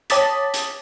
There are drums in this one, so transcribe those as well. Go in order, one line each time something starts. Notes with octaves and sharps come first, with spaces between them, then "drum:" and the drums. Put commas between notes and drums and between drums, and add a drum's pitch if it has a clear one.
C#5 A5 D6 D#6 A6 B6, drum: hi-hat
drum: hi-hat